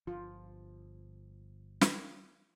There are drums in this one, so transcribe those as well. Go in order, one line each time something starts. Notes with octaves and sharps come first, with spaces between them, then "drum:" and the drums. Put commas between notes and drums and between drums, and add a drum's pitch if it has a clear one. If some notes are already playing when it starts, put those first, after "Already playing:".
G1 F3 F4
drum: snare